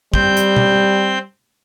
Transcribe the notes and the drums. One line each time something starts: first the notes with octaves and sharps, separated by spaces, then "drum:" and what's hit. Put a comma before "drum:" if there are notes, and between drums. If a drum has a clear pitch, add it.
G3 C4 G6, drum: kick
drum: hi-hat
drum: tom B2